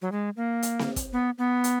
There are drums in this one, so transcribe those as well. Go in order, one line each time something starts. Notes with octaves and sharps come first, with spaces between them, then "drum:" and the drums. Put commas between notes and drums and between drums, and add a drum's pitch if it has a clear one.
F#3
G#3
A#3
drum: hi-hat
drum: snare C4
drum: kick, hi-hat
B3
B3
drum: hi-hat